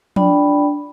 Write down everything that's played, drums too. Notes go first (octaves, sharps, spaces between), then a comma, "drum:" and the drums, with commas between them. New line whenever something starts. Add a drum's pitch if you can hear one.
D4 F4 D5 G5 B5, drum: tom F3